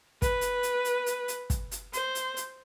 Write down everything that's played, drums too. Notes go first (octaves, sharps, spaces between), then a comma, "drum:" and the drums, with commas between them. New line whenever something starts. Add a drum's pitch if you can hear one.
B4, drum: kick, hi-hat
drum: hi-hat
drum: hi-hat
drum: hi-hat
drum: hi-hat
drum: hi-hat
drum: kick, hi-hat
drum: hi-hat
C5, drum: hi-hat
drum: hi-hat
drum: hi-hat